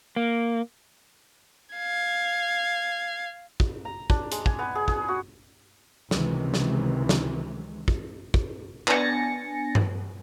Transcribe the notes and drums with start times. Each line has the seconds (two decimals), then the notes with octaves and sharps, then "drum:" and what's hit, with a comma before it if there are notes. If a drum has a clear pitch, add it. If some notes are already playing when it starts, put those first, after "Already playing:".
0.16 A#3
1.75 F5 G#6
3.60 drum: kick
3.85 A#5
4.10 D4, drum: kick
4.32 G#3, drum: hi-hat
4.46 G#5, drum: kick
4.59 B3
4.75 G#4
4.88 G#4, drum: kick
5.08 F#4
6.11 C#2 C3 D#3 E3 G#3, drum: snare
6.54 drum: snare
7.09 drum: snare
7.88 drum: kick
8.34 drum: kick
8.88 B3 D4 G#5 A6 A#6 C#7, drum: clap
9.75 drum: tom G2